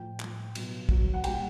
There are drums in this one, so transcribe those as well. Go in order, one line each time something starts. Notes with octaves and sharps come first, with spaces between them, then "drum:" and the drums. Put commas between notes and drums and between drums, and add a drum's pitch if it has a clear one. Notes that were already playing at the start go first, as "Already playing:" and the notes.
Already playing: A2 F3 G5
A2 F3, drum: clap
B2 F#3, drum: cymbal
B2 F#3, drum: kick
F#5
A#2 G3 G5, drum: cymbal